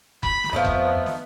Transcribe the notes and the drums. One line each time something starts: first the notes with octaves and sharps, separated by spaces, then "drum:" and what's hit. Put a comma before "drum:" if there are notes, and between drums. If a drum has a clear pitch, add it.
B5, drum: kick F1
drum: snare
F2 F3 A3 B3 D#4
drum: kick F1
drum: snare